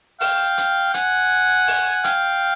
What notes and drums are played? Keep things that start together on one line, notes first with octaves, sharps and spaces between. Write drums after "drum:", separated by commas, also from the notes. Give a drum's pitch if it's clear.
F5 G5, drum: open hi-hat
drum: hi-hat
F#5 G#5, drum: hi-hat
drum: open hi-hat
F5 G5, drum: hi-hat